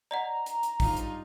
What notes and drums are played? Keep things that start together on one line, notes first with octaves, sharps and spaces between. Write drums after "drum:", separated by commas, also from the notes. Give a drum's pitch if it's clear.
D5 D#5 F#5 A#5
drum: hi-hat
drum: hi-hat
G2 D#4 F4, drum: kick, open hi-hat
drum: hi-hat